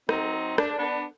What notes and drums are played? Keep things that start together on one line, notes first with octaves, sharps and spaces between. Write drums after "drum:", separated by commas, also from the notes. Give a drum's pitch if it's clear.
F#3 C4 D#4, drum: rim click
D4, drum: rim click
B3 D4